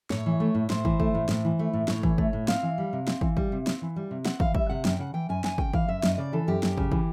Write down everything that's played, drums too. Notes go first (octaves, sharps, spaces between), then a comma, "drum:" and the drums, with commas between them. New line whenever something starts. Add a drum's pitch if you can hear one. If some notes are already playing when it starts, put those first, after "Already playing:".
A2 C#5, drum: snare
E3
A3
A2
A2 C5, drum: snare
E3, drum: kick
A3, drum: kick
A2
A2, drum: snare
E3
A3
A2
A2 C#5, drum: snare
E3, drum: kick
A3, drum: kick
A2
C4 F5, drum: snare
E3
G3
C3
C4, drum: snare
E3, drum: kick
G3, drum: kick
C3
C4, drum: snare
E3
G3
C3
C4 F#5, drum: snare
E3 F5, drum: kick
G3 E5, drum: kick
C3 F#5
F#2 G5, drum: snare
C#3 F#5
E3 G5
F#2 G#5
F#2 G#5, drum: snare
C#3 G5, drum: kick
E3 F5, drum: kick
F#2 E5
F#2 D#5, drum: snare
C#3 D5
E3 A4
F#2 G4
F#2, drum: snare
C#3, drum: kick
E3, drum: kick